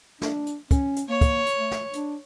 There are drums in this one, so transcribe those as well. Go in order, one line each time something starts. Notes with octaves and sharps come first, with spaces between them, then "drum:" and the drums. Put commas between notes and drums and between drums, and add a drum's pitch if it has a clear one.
D4, drum: snare
drum: hi-hat
C#4, drum: kick, hi-hat
drum: hi-hat
A#3 C#5
drum: kick, hi-hat
drum: hi-hat
A3
drum: snare
D4, drum: hi-hat